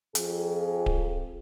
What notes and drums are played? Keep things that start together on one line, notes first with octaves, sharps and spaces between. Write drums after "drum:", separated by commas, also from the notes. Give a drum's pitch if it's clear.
F2 G#4, drum: hi-hat
drum: kick D1